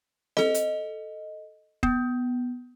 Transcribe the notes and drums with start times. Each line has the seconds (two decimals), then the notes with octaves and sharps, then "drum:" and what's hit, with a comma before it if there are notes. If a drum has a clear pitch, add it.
0.37 A4 D#5, drum: snare C4
0.54 drum: hi-hat
1.83 B3, drum: kick E1